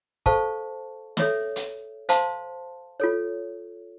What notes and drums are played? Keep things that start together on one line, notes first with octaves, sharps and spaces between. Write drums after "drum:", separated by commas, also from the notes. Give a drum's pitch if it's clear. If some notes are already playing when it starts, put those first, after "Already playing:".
A4 C5 F5 A5 C#6, drum: kick
A4 C#5 E5, drum: snare
drum: hi-hat
C5 F5 A5 C6, drum: hi-hat
F4 A4 C#5